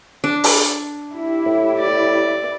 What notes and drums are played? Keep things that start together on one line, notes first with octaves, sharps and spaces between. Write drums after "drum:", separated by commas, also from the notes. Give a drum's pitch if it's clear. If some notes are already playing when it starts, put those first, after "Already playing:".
D4
drum: open hi-hat
E4 G4
A2
D5